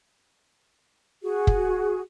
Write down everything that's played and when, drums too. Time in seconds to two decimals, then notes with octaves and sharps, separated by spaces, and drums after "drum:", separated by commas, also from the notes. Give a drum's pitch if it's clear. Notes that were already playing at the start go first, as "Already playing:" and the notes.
1.23 F#4 G#4
1.47 drum: kick